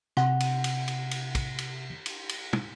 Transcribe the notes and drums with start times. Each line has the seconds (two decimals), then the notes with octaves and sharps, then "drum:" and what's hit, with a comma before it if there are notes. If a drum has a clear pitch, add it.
0.17 C3 F#5, drum: rim click
0.40 drum: cymbal
0.64 drum: cymbal
0.88 drum: cymbal
1.11 drum: cymbal
1.35 drum: kick, cymbal
1.59 drum: cymbal
2.06 drum: cymbal
2.29 drum: cymbal
2.53 drum: tom